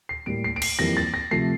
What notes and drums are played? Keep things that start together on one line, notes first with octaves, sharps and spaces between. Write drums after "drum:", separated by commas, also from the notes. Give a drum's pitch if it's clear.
C7
A2 G3 A#3 D7
C7
D7
C7, drum: cymbal
F2 E3 G3 A#3 A#6
A6
A#6
C3 F3 A3 C7